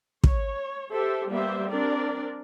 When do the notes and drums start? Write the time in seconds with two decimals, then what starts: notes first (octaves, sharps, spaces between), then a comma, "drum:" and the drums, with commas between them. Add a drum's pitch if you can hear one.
0.24 C#5, drum: kick
0.92 G4 A4 C5 E5
1.29 G3 A#3 B3 C5 E5
1.69 C4 D4 A#4 D5